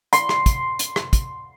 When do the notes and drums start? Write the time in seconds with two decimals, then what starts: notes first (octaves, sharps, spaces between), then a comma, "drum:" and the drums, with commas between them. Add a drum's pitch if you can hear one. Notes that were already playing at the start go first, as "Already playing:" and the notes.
0.13 C6, drum: hi-hat
0.29 drum: rim click
0.46 drum: kick, hi-hat
0.79 drum: hi-hat
0.96 drum: rim click
1.13 drum: kick, hi-hat